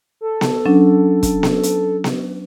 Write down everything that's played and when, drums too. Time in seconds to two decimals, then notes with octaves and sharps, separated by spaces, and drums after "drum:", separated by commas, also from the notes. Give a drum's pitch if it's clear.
0.21 A4
0.41 drum: snare B3
0.66 F#3 C#4 D4
1.23 drum: kick, hi-hat
1.43 drum: snare B3
1.63 drum: hi-hat
2.04 drum: snare B3